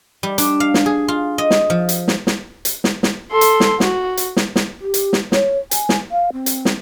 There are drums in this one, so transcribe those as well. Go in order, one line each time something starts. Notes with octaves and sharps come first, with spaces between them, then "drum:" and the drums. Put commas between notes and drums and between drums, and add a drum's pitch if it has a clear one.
G3
D4, drum: hi-hat
F5
drum: snare
G#4
F4
D#5
drum: snare
F3
drum: hi-hat
drum: snare
drum: snare
drum: hi-hat
drum: snare
drum: snare
A4 C6
drum: hi-hat
drum: snare
F#4, drum: snare
drum: hi-hat
drum: snare
drum: snare
G4
drum: hi-hat
drum: snare
C#5, drum: snare
G#5, drum: hi-hat
drum: snare
F5
C4
drum: hi-hat
drum: snare